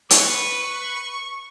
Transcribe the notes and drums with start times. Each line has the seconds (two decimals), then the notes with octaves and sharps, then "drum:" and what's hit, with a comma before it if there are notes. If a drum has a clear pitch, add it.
0.10 B4 C#6, drum: hi-hat